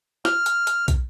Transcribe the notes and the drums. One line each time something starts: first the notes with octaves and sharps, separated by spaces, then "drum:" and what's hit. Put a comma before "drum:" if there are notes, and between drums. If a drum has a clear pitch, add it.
F6, drum: snare
drum: hi-hat
drum: hi-hat
drum: kick, hi-hat